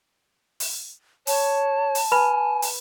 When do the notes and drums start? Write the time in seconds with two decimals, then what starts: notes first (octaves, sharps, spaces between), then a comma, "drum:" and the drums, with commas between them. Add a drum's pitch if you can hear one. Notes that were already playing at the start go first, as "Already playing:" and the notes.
0.60 drum: open hi-hat
1.27 C#5 A5, drum: open hi-hat
1.95 drum: open hi-hat
2.12 B4 G#5 B5
2.62 drum: open hi-hat